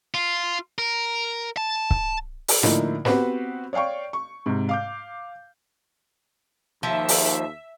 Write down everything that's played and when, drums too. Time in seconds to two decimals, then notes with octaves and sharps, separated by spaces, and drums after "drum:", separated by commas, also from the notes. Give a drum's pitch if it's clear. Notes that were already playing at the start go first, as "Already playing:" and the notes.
0.14 F4
0.79 A#4
1.57 A5
1.91 drum: kick C#1
2.48 drum: open hi-hat
2.63 A2 D3 F3 A#3 D#4 E4, drum: snare
3.05 B3 C4 F#4 G4 B4 C5, drum: snare
3.73 C#5 D5 F5 G5 C#6
4.13 C#6
4.46 G#2 C3
4.69 F5 D6 G6
6.83 D#2 F3 E5
7.09 drum: open hi-hat